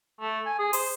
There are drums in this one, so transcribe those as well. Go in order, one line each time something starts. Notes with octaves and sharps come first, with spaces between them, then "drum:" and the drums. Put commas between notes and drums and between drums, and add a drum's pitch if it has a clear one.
A3
G#5
G#4
C5, drum: open hi-hat